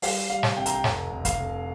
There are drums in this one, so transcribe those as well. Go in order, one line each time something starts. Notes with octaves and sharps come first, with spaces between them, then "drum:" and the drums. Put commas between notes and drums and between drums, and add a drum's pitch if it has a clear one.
G3 F5, drum: open hi-hat
G3 F5
drum: snare
C2 G5
A#5, drum: hi-hat
G5
F1 A#5, drum: snare
F1
F5, drum: kick, hi-hat
F1